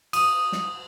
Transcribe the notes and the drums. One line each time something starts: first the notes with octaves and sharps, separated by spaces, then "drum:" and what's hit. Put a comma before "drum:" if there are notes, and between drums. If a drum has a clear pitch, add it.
D#6, drum: cymbal
drum: snare